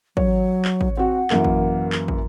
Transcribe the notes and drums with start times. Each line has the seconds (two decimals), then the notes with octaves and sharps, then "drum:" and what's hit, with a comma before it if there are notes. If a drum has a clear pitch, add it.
0.17 F#3 C#5, drum: kick
0.65 drum: clap
0.81 drum: kick
0.97 C4 F#4 F#5
1.30 F#2 E3 A#3, drum: clap
1.44 drum: kick
1.92 drum: clap
2.08 drum: kick